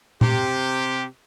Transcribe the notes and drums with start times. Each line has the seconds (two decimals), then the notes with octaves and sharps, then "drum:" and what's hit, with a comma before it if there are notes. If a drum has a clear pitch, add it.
0.21 C3 G4, drum: tom A#2